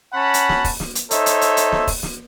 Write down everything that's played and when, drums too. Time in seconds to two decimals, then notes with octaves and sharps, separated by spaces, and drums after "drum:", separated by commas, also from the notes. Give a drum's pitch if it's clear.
0.13 C#4 F#5 A5 B5
0.34 drum: hi-hat
0.49 drum: snare
0.65 drum: kick F1, open hi-hat
0.80 drum: snare
0.95 drum: hi-hat
1.11 D#4 A4 C5 C#5 E5, drum: hi-hat
1.26 drum: hi-hat
1.41 drum: hi-hat
1.57 drum: hi-hat
1.72 drum: snare
1.88 drum: kick F1, open hi-hat
2.03 drum: snare